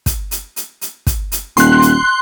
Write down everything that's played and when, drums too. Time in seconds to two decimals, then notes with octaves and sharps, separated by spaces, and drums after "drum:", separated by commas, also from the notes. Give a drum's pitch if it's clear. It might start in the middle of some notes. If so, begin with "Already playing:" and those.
0.06 drum: kick, hi-hat
0.31 drum: hi-hat
0.56 drum: hi-hat
0.81 drum: hi-hat
1.07 drum: kick, hi-hat
1.32 drum: hi-hat
1.57 D#1 C6 F#6, drum: hi-hat
1.82 drum: hi-hat